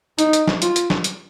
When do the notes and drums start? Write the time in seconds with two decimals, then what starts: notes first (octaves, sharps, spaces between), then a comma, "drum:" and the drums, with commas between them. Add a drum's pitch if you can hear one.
0.19 D#4, drum: hi-hat
0.33 drum: hi-hat
0.48 drum: snare
0.62 F4, drum: hi-hat
0.76 drum: hi-hat
0.90 drum: snare
1.04 drum: hi-hat